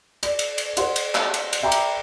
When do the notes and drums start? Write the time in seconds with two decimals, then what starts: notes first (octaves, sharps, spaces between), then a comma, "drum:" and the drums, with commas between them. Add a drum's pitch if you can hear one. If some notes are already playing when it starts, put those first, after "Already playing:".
0.23 D5, drum: cymbal
0.39 drum: cymbal
0.58 drum: cymbal
0.77 C5 D#5 F#5 C6, drum: cymbal
0.96 drum: cymbal
1.15 drum: clap
1.34 drum: cymbal
1.53 drum: cymbal
1.63 E5 G5 A#5 B5 D6
1.72 drum: cymbal